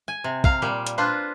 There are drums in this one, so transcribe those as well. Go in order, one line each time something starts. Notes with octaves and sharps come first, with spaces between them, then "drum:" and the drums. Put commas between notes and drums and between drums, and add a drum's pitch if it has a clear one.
G#5
C3
F5 A#5, drum: kick
A#2 G3
drum: hi-hat
D4 F4 B4 C5